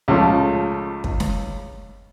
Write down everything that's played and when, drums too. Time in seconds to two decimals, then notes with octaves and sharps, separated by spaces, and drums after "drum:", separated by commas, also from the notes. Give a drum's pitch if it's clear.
0.08 C#2 C#3 F3 A3
1.04 drum: kick
1.20 drum: snare